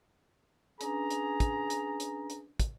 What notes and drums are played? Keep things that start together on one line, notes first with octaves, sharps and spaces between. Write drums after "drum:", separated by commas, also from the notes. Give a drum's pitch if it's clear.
C#4 D4 G#4 B4 A#5, drum: hi-hat
drum: hi-hat
drum: kick, hi-hat
drum: hi-hat
drum: hi-hat
drum: hi-hat
drum: kick, hi-hat